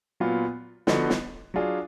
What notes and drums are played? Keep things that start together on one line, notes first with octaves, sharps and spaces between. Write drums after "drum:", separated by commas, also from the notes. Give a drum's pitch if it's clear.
A#2 F#3 B3 F4
D3 F3 B3 D#4 F#4, drum: snare
drum: snare
F#3 D4 F4 G#4